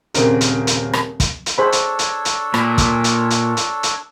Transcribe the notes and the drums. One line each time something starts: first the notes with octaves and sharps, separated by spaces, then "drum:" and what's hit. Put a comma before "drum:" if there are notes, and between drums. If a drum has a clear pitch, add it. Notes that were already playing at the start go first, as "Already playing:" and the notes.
D#1 C#3 C4 A#4, drum: hi-hat
drum: hi-hat
drum: hi-hat
drum: rim click
drum: kick, hi-hat
drum: hi-hat
D4 G#4 A4 C5 C#5 B5
drum: hi-hat
drum: hi-hat
drum: hi-hat
A#2, drum: rim click
drum: kick, hi-hat
drum: hi-hat
drum: hi-hat
drum: hi-hat
drum: hi-hat